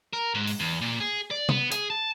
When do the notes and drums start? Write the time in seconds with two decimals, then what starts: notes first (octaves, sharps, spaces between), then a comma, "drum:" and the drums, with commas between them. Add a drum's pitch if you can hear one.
0.13 A#4
0.34 G#2
0.47 drum: open hi-hat
0.60 E2
0.81 A#2
1.00 G#4
1.31 D5
1.49 B3, drum: tom
1.71 G#4, drum: hi-hat
1.90 A5